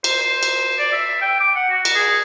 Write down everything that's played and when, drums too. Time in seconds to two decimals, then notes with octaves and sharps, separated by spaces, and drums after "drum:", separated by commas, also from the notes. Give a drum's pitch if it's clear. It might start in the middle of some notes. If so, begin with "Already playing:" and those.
0.04 C5, drum: cymbal
0.21 C5
0.43 drum: cymbal
0.78 D5
0.92 E5
1.21 G5
1.40 D6
1.56 F#5
1.69 F#4
1.85 drum: cymbal
1.95 G#4